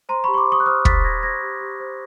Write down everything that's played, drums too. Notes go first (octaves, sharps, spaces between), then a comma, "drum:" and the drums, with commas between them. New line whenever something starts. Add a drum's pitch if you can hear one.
C5 A#5 C6
B5 C#6
G4
C#6
C6 D6
C5 C#6 D#6
F#6
C5 D#6 F6
G4 A6 B6, drum: kick
C5 G#6 A#6
C5 G#6 A#6
G4
G4
C5